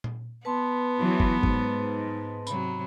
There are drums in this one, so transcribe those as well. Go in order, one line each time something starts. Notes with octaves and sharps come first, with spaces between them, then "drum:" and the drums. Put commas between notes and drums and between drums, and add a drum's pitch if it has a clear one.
drum: tom A#2
B3 B4 A5 C6
E3 F#3
drum: kick F#1
G#2, drum: kick F#1
C3 F#3 B5, drum: tambourine